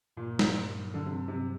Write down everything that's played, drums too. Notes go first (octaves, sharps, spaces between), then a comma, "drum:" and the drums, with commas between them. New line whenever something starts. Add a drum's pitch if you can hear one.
G2 A#2
D4, drum: snare
G2
F#3
D3
G2 C3
G2 C3